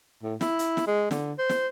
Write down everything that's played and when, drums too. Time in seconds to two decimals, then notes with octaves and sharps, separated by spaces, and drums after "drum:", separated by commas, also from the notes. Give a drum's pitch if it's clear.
0.23 A2
0.41 E4, drum: snare
0.59 drum: hi-hat
0.77 drum: snare
0.87 G#3
1.11 D3, drum: snare
1.38 C5
1.49 drum: snare